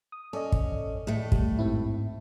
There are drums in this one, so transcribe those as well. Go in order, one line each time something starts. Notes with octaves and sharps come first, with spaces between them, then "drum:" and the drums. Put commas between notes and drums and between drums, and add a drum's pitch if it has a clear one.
D#6
C#4 A4 D5 D#5
drum: kick
A2 A3
G3, drum: kick
G#2 C4 E4